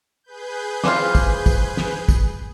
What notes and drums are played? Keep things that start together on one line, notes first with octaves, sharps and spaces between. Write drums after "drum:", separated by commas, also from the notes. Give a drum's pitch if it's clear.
G#4 B4 G6
E3 C4 F4 D6 F6, drum: snare
drum: kick, tambourine
drum: kick, tambourine
drum: snare
drum: kick, tambourine